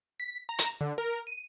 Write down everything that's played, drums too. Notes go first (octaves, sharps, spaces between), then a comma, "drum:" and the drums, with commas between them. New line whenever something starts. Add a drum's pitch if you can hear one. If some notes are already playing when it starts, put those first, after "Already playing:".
B6
A#5
drum: hi-hat
D3
A#4
D#7